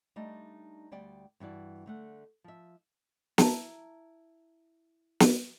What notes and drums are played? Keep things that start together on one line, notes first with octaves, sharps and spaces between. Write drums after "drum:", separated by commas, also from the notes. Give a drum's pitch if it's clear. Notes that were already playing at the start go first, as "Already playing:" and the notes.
G3 A3 D4 D#4
D2 G3 D5 G5
G2 E3 F#4 D5
D3 A3 F#5
F3 E5
E4 A5 A#5, drum: snare
drum: snare